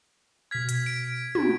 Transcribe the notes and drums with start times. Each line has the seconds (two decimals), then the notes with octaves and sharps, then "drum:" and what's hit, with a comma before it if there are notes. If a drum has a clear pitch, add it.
0.51 B2 F6 G#6 B6
0.69 drum: hi-hat
0.86 D7
1.35 F#4, drum: tom